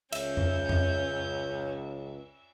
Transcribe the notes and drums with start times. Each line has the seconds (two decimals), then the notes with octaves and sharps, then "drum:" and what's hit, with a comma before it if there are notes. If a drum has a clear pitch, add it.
0.12 C#2 C#4 E5 G6, drum: cymbal
0.37 drum: tom F2
0.69 drum: tom F2